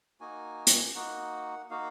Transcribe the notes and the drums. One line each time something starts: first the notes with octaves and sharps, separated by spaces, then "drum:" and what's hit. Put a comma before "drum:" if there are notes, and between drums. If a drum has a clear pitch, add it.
A#3 D#4 F#4 G#5
drum: hi-hat
A#3 D#4 F#4 F#5
A#3 D#4 F#4 F5